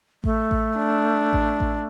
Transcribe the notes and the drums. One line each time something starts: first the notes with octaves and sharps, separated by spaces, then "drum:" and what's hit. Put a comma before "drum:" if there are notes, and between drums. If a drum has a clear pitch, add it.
A3, drum: kick A1
drum: kick A1
D4
drum: kick A1
drum: kick A1